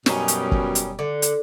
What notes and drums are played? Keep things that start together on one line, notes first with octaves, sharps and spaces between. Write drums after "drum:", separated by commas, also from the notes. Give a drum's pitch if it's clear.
F#2 B2 G3 C#4 D#4, drum: snare
drum: hi-hat
drum: kick
drum: hi-hat
D3
drum: hi-hat